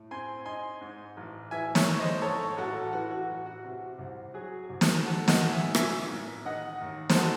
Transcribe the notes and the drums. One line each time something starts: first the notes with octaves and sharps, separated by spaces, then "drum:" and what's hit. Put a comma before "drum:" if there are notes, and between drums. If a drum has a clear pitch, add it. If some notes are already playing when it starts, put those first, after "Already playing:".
Already playing: A2
C4 G#5 C6
D#4 G#5 C6
G#2
A1
E3 E5 G#5
C#5 E5, drum: snare
A3
C5 D#5
G#2 A4 C#5
A1 F#4 A4
E3 F#4
F#4
A1
F#4
C3
C2
F#3 G#4
C2
drum: snare
G#2 F#4 A4
D#5 F#5, drum: snare
A1
E5 G#5
D#3 E5 G#5, drum: rim click
A1
D#3 D#5 F#5
D#2
C5, drum: snare
G#3 F#4 A4